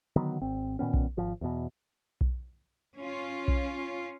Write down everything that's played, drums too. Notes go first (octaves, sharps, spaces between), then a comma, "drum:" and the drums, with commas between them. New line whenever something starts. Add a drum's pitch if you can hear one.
D3 D#3 F#3 B3
G#1 C4
A#2 D#3 B3 C#4
drum: kick B1
G#1 F3
E2 B2
drum: kick B1
C#4 F4
drum: kick B1